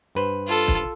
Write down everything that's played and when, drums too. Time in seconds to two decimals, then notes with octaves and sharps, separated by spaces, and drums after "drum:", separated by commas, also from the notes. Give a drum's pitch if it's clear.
0.15 G2 B4 C5
0.48 F4 A4, drum: hi-hat
0.68 drum: kick, hi-hat